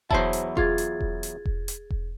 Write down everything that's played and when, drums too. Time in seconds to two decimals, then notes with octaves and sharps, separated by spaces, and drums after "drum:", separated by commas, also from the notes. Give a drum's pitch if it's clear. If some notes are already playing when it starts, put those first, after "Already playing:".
0.11 E2 F#3 E4 C5 A5, drum: kick E1
0.33 drum: hi-hat
0.57 F4 G#4 G#6 A6, drum: kick E1
0.78 drum: hi-hat
1.00 drum: kick E1
1.23 drum: hi-hat
1.45 drum: kick E1
1.68 drum: hi-hat
1.90 drum: kick E1